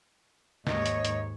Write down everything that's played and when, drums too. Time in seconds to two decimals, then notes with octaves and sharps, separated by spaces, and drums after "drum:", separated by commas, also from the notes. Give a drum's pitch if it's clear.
0.67 D#2 G#2 C#5 D#5, drum: snare
0.86 drum: hi-hat
1.05 drum: hi-hat